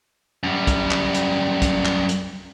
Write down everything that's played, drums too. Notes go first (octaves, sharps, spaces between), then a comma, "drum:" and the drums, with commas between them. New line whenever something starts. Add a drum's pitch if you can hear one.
F#2 G3
drum: kick, hi-hat
drum: clap
drum: hi-hat
drum: kick, hi-hat
drum: clap
drum: hi-hat